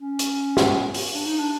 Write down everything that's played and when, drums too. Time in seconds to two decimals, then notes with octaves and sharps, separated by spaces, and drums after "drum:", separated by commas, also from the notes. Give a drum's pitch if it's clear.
0.01 C#4
0.19 drum: hi-hat
0.57 drum: snare
0.94 drum: open hi-hat
1.13 D4
1.26 D#4
1.39 D4